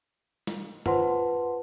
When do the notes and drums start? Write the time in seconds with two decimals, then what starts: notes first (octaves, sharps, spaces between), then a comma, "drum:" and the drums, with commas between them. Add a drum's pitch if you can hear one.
0.47 drum: snare
0.86 F4 B4 C5 F#5 A5 C6, drum: tom F#2